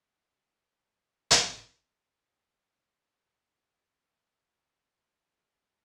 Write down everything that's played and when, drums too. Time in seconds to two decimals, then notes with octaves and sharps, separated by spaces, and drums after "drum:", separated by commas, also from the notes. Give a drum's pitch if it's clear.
0.12 D4 D5
1.31 drum: hi-hat
3.47 G4 G5
3.62 D5
3.68 F4 F5
3.89 A3 A4
4.04 D5
4.09 C4 C5
5.09 F5
5.14 D4 D5
5.31 G5
5.35 F4 F5
5.57 G4